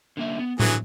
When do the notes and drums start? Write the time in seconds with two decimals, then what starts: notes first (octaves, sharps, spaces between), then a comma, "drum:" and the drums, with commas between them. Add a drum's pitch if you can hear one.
0.17 D3 A#3 E5
0.39 B3
0.60 D3 E3 F#3 A3 G#4, drum: tom A2